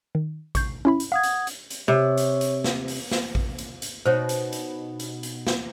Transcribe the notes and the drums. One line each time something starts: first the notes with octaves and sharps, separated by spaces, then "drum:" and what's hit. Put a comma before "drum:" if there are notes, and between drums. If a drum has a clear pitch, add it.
D#3
C#6 G6 C7, drum: kick A1, hi-hat
C#4 E4 B5
drum: hi-hat
F5 F#5 D#6 G#6
drum: hi-hat
drum: hi-hat
drum: hi-hat
C3 C#5
drum: hi-hat
drum: hi-hat
drum: snare
drum: open hi-hat
drum: snare
drum: kick A1
drum: hi-hat
drum: hi-hat
B2 D#4 F#4 C5 C#5
drum: hi-hat
drum: hi-hat
drum: hi-hat
drum: hi-hat
drum: snare